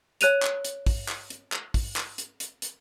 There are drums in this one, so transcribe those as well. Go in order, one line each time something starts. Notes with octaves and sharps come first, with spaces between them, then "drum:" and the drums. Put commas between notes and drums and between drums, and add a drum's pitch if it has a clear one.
C#5 F#6 D#7 F7, drum: hi-hat
drum: clap
drum: hi-hat
drum: kick, open hi-hat
drum: clap
drum: hi-hat
drum: clap
drum: kick, open hi-hat
drum: clap
drum: hi-hat
drum: hi-hat
drum: hi-hat